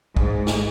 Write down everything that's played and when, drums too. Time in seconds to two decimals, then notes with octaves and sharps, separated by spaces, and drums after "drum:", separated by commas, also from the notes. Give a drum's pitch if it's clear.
0.17 G#2, drum: kick
0.47 drum: snare